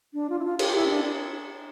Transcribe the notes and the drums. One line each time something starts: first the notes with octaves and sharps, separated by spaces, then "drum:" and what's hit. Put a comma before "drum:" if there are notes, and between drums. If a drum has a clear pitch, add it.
D4
F4
E4
F4
G4, drum: cymbal
E4
C#4
D4